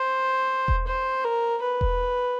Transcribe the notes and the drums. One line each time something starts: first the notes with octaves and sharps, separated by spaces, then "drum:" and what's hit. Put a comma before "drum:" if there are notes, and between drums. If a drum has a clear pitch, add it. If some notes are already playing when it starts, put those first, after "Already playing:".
Already playing: C5
drum: kick E1
C5
A#4
B4
drum: kick E1